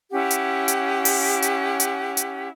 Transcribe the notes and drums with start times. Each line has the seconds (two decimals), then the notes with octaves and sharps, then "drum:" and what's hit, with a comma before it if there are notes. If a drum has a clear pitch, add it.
0.12 C#4 E4 G4 F#5
0.31 drum: hi-hat
0.68 drum: hi-hat
1.05 drum: open hi-hat
1.42 drum: hi-hat
1.80 drum: hi-hat
2.17 drum: hi-hat